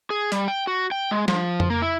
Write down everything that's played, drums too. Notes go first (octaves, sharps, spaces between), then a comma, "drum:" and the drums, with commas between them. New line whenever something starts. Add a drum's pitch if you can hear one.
G#4
G3, drum: hi-hat
G5
F#4
G5
G#3
F3, drum: snare
drum: tom F2
A#3
E4